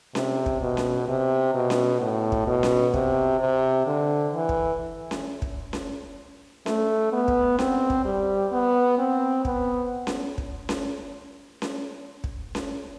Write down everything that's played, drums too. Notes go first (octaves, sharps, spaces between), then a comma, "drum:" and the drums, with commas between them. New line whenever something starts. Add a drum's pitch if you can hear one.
C3, drum: snare C#4
drum: kick
B2
drum: snare C#4
C3
B2
drum: snare C#4
A2
drum: kick
B2
drum: snare C#4
C3, drum: kick
C3
D3
E3
drum: kick
drum: snare C#4
drum: kick
drum: snare C#4
A3, drum: snare C#4
B3
drum: kick
C4, drum: snare C#4
drum: kick
G3
B3
C4
B3, drum: kick
drum: snare C#4
drum: kick
drum: snare C#4
drum: snare C#4
drum: kick
drum: snare C#4